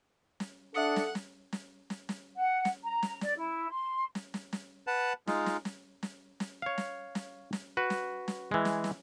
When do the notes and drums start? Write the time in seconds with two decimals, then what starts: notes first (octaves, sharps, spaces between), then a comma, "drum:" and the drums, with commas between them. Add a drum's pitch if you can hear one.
0.40 drum: snare
0.74 D4 A4 E5 F#5 D#6 C#7
0.96 drum: snare
1.15 drum: snare
1.53 drum: snare
1.90 drum: snare
2.09 drum: snare
2.36 F#5
2.65 drum: snare
2.83 A#5
3.03 drum: snare
3.21 D5, drum: snare
3.36 E4
3.69 C6
4.15 drum: snare
4.34 drum: snare
4.53 drum: snare
4.87 B4 F#5 A5
5.27 G#3 D#4 F4, drum: snare
5.46 drum: snare
5.65 drum: snare
6.03 drum: snare
6.40 drum: snare
6.62 C#5 F5
6.78 drum: snare
7.15 drum: snare
7.53 drum: snare
7.77 F#4 B4
7.90 drum: snare
8.28 drum: snare
8.51 E3 G#3
8.65 drum: snare
8.84 drum: snare